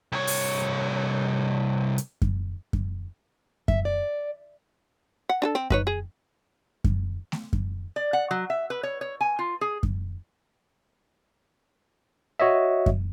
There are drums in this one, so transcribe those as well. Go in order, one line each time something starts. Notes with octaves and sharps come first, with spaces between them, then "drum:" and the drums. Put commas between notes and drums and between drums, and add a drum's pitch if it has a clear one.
C2 C#5
drum: open hi-hat
drum: hi-hat
drum: kick F#2
drum: kick F#2
E5, drum: kick F#2
D5
F#5
D4 G#4 A4
C4
D#4 B4 C#5, drum: kick F#2
G#4
drum: kick F#2
drum: snare A3
drum: kick F#2
D5
F#5
F#3
E5
B4
C#5
C#5
G#5
F4
G#4
drum: kick F#2
F#4 C#5 D#5 E5
drum: kick F#2